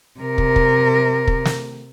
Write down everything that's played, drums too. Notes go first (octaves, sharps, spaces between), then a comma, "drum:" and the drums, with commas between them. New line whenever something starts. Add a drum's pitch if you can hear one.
C3 A#4
drum: kick
drum: kick
drum: kick
drum: snare